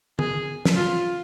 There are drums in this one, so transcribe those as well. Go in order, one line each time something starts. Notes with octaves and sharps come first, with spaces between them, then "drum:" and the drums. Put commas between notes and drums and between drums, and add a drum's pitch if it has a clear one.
G#4, drum: tom D3
drum: snare
F4